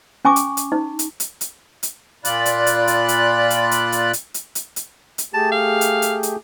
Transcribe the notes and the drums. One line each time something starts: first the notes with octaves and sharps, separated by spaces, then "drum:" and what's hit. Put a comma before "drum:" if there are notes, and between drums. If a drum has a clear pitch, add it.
C#4 G#5 C#6 D6
drum: hi-hat
drum: hi-hat
D#4
drum: hi-hat
drum: hi-hat
drum: hi-hat
drum: hi-hat
A#2 F4 D5 B5 F#6, drum: hi-hat
drum: hi-hat
drum: hi-hat
drum: hi-hat
drum: hi-hat
drum: hi-hat
drum: hi-hat
drum: hi-hat
drum: hi-hat
drum: hi-hat
drum: hi-hat
drum: hi-hat
drum: hi-hat
A3 G4 G#4 A5
F5
drum: hi-hat
drum: hi-hat
drum: hi-hat